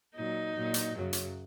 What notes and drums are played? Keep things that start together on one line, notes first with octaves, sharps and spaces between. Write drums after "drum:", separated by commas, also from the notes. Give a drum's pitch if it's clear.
A#2 F#3 D#4
A#2 F#3
drum: hi-hat
F#2 C#3 F#3
drum: hi-hat